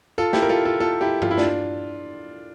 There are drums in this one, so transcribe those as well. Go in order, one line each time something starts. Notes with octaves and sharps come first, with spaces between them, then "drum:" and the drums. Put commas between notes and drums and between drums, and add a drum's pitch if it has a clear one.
F4 A4
E4 G4, drum: snare
A#4
F4 A4
F4 A4
F4 A4
E4 G4
F4, drum: tom
E4
D4 F4, drum: snare